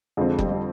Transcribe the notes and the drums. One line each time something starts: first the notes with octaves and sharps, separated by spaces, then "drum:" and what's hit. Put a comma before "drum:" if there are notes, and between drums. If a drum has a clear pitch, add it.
F2 D3 F3 G#3 C4
G3, drum: kick F#1
G3